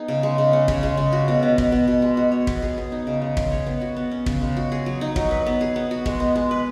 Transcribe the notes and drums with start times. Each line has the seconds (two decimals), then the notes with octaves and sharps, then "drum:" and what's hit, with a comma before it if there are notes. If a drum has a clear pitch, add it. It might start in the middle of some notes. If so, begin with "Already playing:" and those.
Already playing: B3 D#4 G#4
0.08 C#3
0.23 G#3
0.38 C#3
0.53 C#4
0.68 C#3, drum: kick
0.83 G#3
0.97 C#3
1.13 F#4
1.28 B2
1.43 B3
1.58 B2, drum: kick
1.72 B3
1.88 B2
2.02 G#3
2.17 F#4
2.32 C#5
2.47 B3, drum: kick
2.62 G#4
2.78 B3
2.92 D#4
3.07 C#3
3.22 G#3
3.37 G#4, drum: kick
3.52 C#5
3.66 B3
3.81 F#4
3.97 B3
4.11 C#4
4.26 C#3, drum: kick
4.41 G#3
4.57 F#4
4.72 G#4
4.86 F#3
5.01 D#4
5.16 F#3, drum: kick
5.31 B4
5.46 B3
5.61 G#4
5.76 B3
5.91 F#4
6.06 G#3, drum: kick
6.20 B3
6.36 G#3
6.51 B4